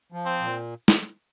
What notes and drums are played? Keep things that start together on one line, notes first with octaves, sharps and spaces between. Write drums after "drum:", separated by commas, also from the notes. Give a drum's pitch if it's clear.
F3
C4
A#2
drum: snare